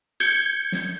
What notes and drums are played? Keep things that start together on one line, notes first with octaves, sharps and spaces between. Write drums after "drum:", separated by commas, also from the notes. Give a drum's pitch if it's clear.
G6 G#6 C#7, drum: hi-hat
drum: snare